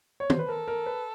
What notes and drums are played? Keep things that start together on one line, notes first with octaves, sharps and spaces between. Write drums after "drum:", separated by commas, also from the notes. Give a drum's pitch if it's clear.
C#5
C5, drum: tom
B4
A4 A#4
A#4
B4